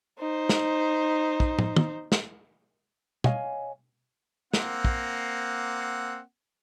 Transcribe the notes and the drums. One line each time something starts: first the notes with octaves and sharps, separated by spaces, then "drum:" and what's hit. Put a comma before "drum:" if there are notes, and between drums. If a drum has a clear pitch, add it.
D#4 C5
drum: snare
drum: kick
drum: tom
drum: tom
drum: snare
C#5 D#5 F5 G#5, drum: tom
A#3 C4 F#5, drum: snare
drum: kick